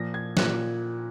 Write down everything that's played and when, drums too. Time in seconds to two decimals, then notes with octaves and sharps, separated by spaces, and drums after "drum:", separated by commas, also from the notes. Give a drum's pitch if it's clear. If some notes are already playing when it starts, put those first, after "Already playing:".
Already playing: A#2 F3 A#6
0.14 G#6
0.37 A#2 F3 F#6, drum: snare